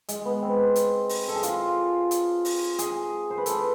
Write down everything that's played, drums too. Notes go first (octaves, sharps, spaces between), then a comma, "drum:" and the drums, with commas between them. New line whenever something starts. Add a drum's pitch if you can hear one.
G#3, drum: hi-hat
B3
C4
drum: hi-hat
drum: open hi-hat
A4
G#4
F4, drum: hi-hat
drum: hi-hat
drum: open hi-hat
G#4, drum: hi-hat
C5
B4
A4, drum: hi-hat